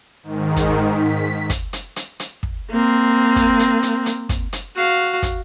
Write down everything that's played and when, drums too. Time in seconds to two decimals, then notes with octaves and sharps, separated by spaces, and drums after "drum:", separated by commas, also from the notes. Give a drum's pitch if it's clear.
0.23 G#2 D#3
0.56 drum: kick, hi-hat
0.88 B6
1.50 drum: kick, hi-hat
1.73 drum: hi-hat
1.96 drum: hi-hat
2.20 drum: hi-hat
2.43 drum: kick
2.71 A#3 C4
3.36 drum: kick, hi-hat
3.59 drum: hi-hat
3.83 drum: hi-hat
4.06 drum: hi-hat
4.29 drum: kick, hi-hat
4.53 drum: hi-hat
4.76 F#4 F5
5.23 drum: kick, hi-hat